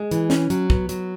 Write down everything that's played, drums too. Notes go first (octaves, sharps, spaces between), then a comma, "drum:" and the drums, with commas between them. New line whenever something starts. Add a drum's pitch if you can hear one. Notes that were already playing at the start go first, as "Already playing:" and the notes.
Already playing: G#3
E3, drum: hi-hat
C#4, drum: snare
F#3, drum: hi-hat
B3, drum: kick
F#3, drum: hi-hat